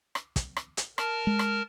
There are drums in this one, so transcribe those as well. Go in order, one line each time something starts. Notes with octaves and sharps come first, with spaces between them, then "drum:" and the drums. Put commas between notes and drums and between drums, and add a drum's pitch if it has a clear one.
drum: rim click
drum: kick, hi-hat
drum: rim click
drum: hi-hat
A#4 A5 F6, drum: rim click
G#3
drum: rim click